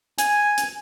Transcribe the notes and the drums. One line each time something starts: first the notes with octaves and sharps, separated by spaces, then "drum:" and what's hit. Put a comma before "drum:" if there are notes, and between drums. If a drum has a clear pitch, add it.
G#5, drum: hi-hat
drum: hi-hat